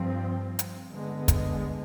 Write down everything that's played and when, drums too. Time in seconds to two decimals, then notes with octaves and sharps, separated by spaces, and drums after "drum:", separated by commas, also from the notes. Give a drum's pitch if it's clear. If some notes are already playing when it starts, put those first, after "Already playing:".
Already playing: G2 F3 C4
0.59 drum: hi-hat
0.94 D3 G#3 B3
1.28 drum: kick, hi-hat